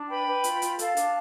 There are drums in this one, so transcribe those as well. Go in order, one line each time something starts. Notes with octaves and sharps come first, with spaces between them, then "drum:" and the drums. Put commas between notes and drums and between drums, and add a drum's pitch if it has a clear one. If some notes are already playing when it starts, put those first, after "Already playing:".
Already playing: D4
B4 G5 B5
B4
F4, drum: hi-hat
F4, drum: hi-hat
A4 F5 A5, drum: hi-hat
D4, drum: hi-hat